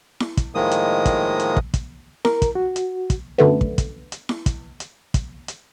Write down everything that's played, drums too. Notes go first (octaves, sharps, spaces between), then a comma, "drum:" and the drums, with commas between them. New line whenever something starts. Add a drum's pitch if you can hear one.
drum: snare E4
drum: kick, hi-hat
A2 D#3 F3 G#3 A#3 D#6
drum: hi-hat
drum: kick, hi-hat
drum: hi-hat
drum: kick
drum: kick, hi-hat
A#4, drum: snare E4
drum: kick, hi-hat
F#4
drum: hi-hat
drum: kick, hi-hat
F#2 D3 A3 B3
drum: kick
drum: kick, hi-hat
drum: hi-hat
drum: snare E4
drum: kick, hi-hat
drum: hi-hat
drum: kick, hi-hat
drum: hi-hat